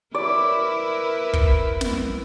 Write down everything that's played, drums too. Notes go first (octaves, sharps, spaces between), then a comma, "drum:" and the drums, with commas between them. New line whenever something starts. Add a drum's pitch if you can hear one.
E4 A#4 B4 D5
drum: kick
drum: snare